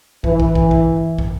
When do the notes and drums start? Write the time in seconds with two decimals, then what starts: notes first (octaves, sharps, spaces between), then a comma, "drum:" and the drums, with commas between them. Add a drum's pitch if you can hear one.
0.24 E3, drum: kick
0.40 drum: kick
0.55 drum: kick
0.71 drum: kick
1.19 drum: kick